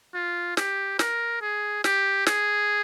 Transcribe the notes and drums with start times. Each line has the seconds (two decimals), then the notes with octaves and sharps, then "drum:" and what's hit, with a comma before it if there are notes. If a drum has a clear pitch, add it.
0.14 F4
0.57 G4, drum: snare
0.99 A#4, drum: snare
1.42 G#4
1.84 G4, drum: snare
2.27 G#4, drum: snare